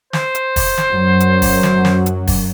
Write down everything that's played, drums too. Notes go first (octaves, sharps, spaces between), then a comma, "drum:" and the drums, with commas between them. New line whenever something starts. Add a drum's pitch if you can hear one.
C5, drum: snare
drum: hi-hat
drum: kick, open hi-hat
drum: snare
F#2 F#3
drum: hi-hat
drum: kick, open hi-hat
drum: snare
drum: snare
drum: hi-hat
drum: kick, open hi-hat